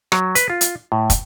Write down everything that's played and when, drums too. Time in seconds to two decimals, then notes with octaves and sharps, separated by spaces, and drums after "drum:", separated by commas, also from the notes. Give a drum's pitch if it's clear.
0.12 F#3, drum: rim click
0.35 B4, drum: hi-hat
0.50 F4
0.61 drum: hi-hat
0.92 A2
1.10 drum: kick, hi-hat